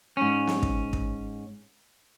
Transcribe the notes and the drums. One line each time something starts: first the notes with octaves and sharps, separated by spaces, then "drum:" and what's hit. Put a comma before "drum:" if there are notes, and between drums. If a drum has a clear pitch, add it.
G#2 C#4
drum: snare
drum: kick
drum: kick